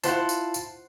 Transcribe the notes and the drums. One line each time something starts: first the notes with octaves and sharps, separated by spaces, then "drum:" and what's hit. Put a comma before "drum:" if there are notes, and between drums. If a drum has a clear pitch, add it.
E4 F4 C5 F#5 A5, drum: tambourine
drum: tambourine
drum: tambourine